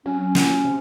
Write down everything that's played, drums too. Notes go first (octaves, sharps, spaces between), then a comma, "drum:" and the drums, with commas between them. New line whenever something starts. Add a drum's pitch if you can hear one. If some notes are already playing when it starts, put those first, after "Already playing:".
F#3 C#4
C#4
C#4, drum: snare
C3